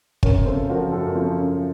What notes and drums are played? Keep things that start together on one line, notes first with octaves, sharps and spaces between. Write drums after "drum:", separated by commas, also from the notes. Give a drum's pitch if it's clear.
F#2 A#4 C#5, drum: kick
C#3 A4 C5
F3 F#4 A#4
F#2 F4 A4
F3 C#4 F4
F#2